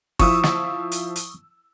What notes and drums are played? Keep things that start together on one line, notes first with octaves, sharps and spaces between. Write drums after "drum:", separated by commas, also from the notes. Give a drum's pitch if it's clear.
F3 E4 C#6 D#6 E6, drum: kick, open hi-hat
drum: snare
drum: hi-hat
drum: hi-hat